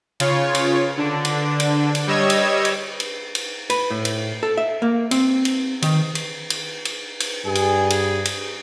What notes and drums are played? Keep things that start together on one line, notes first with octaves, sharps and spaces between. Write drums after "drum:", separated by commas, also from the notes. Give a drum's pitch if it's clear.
C#3 F4 C#5, drum: cymbal
drum: cymbal
D3 D4
drum: cymbal
drum: cymbal
drum: cymbal
G3 C#5 D#5 E6 G#6
drum: cymbal
drum: cymbal
drum: cymbal
drum: cymbal
B4, drum: cymbal
A2
drum: cymbal
A4
E5
A#3
C4, drum: cymbal
drum: cymbal
D#3, drum: cymbal
drum: cymbal
drum: cymbal
drum: cymbal
drum: cymbal
G2 G3 G#4
drum: cymbal
drum: cymbal
drum: cymbal